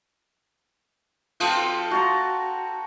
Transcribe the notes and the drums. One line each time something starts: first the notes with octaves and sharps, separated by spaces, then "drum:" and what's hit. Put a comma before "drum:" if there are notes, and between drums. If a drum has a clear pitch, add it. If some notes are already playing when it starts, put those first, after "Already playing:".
F3 C4, drum: cymbal
F#4 A5 A#5